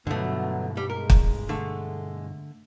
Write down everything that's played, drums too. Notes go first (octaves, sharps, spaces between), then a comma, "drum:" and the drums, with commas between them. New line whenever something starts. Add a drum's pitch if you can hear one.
G2 B2 D3 F#3 A3 B3
G#2 G3
G#3 A#4
drum: kick
D3 A3